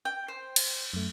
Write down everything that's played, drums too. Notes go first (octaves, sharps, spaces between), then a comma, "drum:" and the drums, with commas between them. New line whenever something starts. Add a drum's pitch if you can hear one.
G5
C5
drum: cymbal
F#2 A3